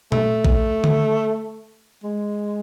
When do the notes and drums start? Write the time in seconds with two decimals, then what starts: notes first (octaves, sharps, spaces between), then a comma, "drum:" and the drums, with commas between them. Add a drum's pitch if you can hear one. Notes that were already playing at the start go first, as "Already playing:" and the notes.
0.12 A3, drum: tom A#2
0.45 drum: kick A#1
0.84 drum: tom D3
2.03 G#3